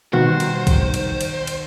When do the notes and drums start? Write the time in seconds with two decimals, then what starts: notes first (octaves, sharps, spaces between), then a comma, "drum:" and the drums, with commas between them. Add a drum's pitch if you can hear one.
0.13 B2 D#3 G3 F#4 C5
0.40 drum: cymbal
0.67 drum: kick B1, cymbal
0.94 drum: cymbal
1.21 drum: cymbal
1.47 drum: cymbal